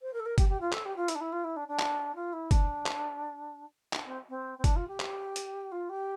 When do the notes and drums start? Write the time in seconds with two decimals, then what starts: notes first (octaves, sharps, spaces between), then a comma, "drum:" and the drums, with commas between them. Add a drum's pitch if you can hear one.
0.02 C5
0.13 A#4
0.20 A4
0.26 A#4
0.38 G4, drum: kick, hi-hat
0.49 G4
0.61 F4
0.73 A4, drum: clap
0.85 G4
0.96 F4
1.08 E4, drum: hi-hat
1.15 D4
1.21 E4
1.32 F4
1.44 E4
1.56 D4
1.68 D4
1.80 drum: clap
2.15 F4
2.33 E4
2.51 D4, drum: kick, hi-hat
2.87 drum: clap
3.93 D4, drum: clap
4.06 C4
4.29 C4
4.58 C4
4.64 D4, drum: kick, hi-hat
4.76 F4
4.88 G4
5.00 drum: clap
5.36 drum: hi-hat
5.72 F4
5.89 G4